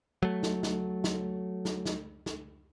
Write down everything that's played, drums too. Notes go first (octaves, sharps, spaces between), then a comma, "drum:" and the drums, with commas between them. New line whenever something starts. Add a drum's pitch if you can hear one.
F#3 A3
drum: snare
drum: snare
drum: snare
drum: snare
drum: snare
drum: snare